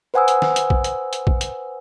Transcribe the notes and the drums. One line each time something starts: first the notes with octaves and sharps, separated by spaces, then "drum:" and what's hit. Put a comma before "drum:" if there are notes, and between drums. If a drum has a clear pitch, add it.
B4 C5 F#5 G#5 D#6 E6
drum: hi-hat
drum: snare
drum: hi-hat
drum: kick A#1
drum: hi-hat
drum: hi-hat
drum: kick A#1
drum: hi-hat